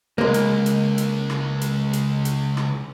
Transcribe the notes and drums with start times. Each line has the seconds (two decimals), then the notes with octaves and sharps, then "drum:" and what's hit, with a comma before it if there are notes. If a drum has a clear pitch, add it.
0.18 C#2 G#3 A#3
0.34 drum: hi-hat
0.66 drum: hi-hat
0.98 drum: hi-hat
1.30 drum: rim click
1.61 drum: hi-hat
1.93 drum: hi-hat
2.25 drum: hi-hat
2.57 drum: rim click